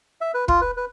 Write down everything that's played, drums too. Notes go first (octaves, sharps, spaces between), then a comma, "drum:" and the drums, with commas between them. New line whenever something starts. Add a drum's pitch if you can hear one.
E5
B4
F4, drum: kick
B4
B4